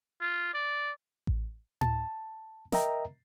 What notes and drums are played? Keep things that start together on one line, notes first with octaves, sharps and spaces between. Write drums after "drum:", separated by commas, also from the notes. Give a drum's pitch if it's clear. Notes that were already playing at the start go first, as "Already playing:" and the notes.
F4
D5
drum: kick A1
A5, drum: tom A2
A#4 D#5 E5 G5 A#5, drum: snare